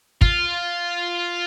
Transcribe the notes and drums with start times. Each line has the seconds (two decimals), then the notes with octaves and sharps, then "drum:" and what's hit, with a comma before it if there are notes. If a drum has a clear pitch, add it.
0.21 F4, drum: kick